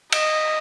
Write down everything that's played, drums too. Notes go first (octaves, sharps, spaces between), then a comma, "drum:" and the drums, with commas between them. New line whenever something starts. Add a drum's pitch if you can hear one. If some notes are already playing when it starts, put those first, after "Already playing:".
D#5, drum: cymbal